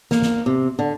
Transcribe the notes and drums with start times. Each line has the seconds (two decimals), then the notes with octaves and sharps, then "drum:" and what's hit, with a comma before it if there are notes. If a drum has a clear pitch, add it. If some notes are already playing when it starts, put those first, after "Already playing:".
0.11 A#3, drum: snare
0.22 drum: snare
0.46 C3
0.79 D3